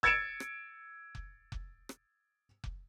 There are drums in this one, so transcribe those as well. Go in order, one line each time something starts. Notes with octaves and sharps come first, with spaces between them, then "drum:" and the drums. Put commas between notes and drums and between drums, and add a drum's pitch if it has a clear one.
E6 G#6 A6 C#7 D7 E7, drum: kick F1
drum: rim click
drum: kick F1
drum: kick F1
drum: rim click
drum: kick F1